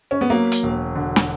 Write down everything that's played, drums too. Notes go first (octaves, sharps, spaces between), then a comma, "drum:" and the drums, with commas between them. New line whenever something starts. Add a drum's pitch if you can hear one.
C#4
B3
F#3 A#3
drum: hi-hat
E1
D3
drum: snare